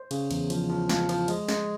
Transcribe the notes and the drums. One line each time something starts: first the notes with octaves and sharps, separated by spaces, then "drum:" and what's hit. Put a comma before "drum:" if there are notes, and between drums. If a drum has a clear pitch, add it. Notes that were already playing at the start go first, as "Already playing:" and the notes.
Already playing: C5
C#3, drum: cymbal
E2, drum: cymbal
F3, drum: cymbal
F3
F3, drum: snare
F3, drum: cymbal
G#3, drum: cymbal
G#3, drum: snare